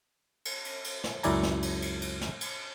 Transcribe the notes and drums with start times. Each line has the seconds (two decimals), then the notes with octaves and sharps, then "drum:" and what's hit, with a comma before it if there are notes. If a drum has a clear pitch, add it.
0.45 drum: cymbal
0.65 drum: cymbal
0.84 drum: cymbal
1.04 drum: snare
1.23 C#2 F#2 E4 D5 G#5 A#5, drum: cymbal
1.43 drum: snare
1.62 drum: cymbal
1.82 drum: cymbal
2.02 drum: cymbal
2.21 drum: snare
2.41 drum: cymbal